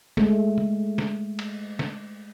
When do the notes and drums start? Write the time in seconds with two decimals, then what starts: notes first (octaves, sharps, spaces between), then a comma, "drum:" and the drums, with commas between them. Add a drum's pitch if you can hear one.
0.17 G#3 A3, drum: snare
0.58 drum: tom C#3
0.98 drum: snare
1.39 drum: cymbal
1.79 drum: snare